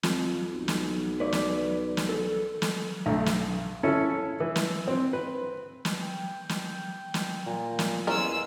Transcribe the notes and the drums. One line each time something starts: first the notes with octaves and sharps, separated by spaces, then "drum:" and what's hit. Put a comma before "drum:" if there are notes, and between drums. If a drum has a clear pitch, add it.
F2, drum: snare
B1
drum: snare
B4 D5
drum: snare
drum: snare
A4
drum: snare
B1 D3 A3
drum: snare
C#4 E4 A4
E3
drum: snare
C4
B4
drum: snare
G5
drum: snare
drum: snare
A#2
drum: snare
E2 G#3 C#4 F4 A#4 E6